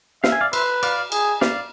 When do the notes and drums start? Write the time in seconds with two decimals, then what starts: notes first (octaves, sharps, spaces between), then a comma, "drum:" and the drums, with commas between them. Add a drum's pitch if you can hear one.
0.24 E5 F5, drum: snare
0.32 G#5
0.41 D5 F5
0.53 B4 C5 E5, drum: cymbal
0.83 D5 F5, drum: cymbal
1.12 G#4, drum: cymbal
1.41 D5 F5, drum: snare